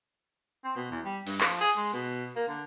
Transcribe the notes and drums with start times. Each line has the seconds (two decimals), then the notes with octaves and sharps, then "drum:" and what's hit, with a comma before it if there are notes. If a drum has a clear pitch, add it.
0.64 C4
0.76 B2
0.91 E2
1.05 G3
1.27 G2, drum: cymbal
1.41 F3, drum: clap
1.61 G#4
1.77 G#3
1.93 B2
2.36 A#3
2.48 D3